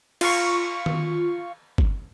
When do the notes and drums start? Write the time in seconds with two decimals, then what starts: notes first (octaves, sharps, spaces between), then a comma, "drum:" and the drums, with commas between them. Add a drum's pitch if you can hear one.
0.21 F4 F5 C#6, drum: cymbal
0.86 drum: tom D#3
1.78 drum: kick G1